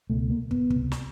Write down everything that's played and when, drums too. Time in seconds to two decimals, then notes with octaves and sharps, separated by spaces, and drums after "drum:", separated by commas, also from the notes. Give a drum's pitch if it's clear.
0.09 C#2 B2 A3
0.30 A#3
0.51 B3, drum: kick
0.70 C#2 C3, drum: kick
0.92 drum: snare